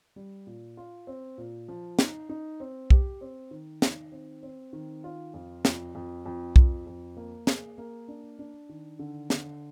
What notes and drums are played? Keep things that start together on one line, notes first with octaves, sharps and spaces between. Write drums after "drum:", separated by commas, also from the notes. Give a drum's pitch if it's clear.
G3
A#2
F4
C4
A#2
F3
D#4, drum: snare
D#4
C4
G4, drum: kick
C4
D#3
D#3, drum: snare
C4
C4
D#3
F4
F2
F2, drum: snare
F2
F2
F2, drum: kick
F2
A#3
G#4, drum: snare
A#3
D4
D4
D#3
D3
D3, drum: snare